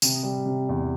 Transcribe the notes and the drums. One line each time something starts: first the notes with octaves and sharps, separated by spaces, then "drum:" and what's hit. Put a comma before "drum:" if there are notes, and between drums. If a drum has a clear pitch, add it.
C3, drum: tambourine
G3
C3
E2